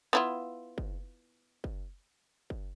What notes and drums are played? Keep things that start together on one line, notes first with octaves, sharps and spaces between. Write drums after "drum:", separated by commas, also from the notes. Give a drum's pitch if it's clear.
B3 E4 F4
drum: kick F#1
drum: kick F#1
drum: kick F#1